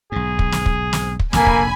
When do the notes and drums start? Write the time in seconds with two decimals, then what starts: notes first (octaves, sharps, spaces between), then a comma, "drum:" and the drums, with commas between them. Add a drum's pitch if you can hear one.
0.12 B1 G#2 G#4
0.39 drum: kick
0.52 drum: snare
0.66 drum: kick
0.93 drum: snare
1.20 drum: kick
1.33 F1 A#1 F2 A#3 A4 G#5 B5, drum: snare
1.46 drum: kick